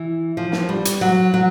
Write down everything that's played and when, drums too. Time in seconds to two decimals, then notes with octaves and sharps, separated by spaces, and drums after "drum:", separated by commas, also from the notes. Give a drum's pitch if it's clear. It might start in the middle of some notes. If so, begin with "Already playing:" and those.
Already playing: E3
0.37 F3
0.52 drum: snare
0.69 G3
0.85 drum: hi-hat
1.01 F#3
1.34 F#3